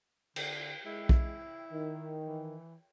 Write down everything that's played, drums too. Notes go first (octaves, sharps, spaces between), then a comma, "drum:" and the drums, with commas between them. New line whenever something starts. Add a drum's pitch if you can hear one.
D3, drum: cymbal
G#3 E4
drum: kick B1
D#3
E3